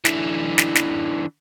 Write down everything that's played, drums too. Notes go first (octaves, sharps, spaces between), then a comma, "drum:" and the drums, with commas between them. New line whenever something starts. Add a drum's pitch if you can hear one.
D3 E3, drum: snare
drum: snare
drum: snare